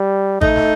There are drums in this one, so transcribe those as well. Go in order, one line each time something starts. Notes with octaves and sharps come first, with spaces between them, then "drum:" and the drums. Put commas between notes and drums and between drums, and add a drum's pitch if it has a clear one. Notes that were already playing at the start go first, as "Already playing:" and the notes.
Already playing: G3
A3 D#4, drum: kick G#1
drum: snare